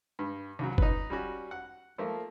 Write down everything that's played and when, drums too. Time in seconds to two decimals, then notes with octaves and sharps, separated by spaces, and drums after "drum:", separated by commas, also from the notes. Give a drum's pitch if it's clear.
0.19 G2
0.59 C2 C#3 F#3
0.78 D#4 B4, drum: kick
1.10 G3 C#4 F#4
1.51 F#5
1.98 F3 A3 A#3